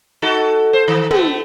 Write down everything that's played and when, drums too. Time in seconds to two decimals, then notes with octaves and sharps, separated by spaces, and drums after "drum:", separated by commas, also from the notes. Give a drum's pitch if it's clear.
0.22 D#4 F#4 A4
0.73 C5
0.88 D#3
1.11 A3 B3, drum: tom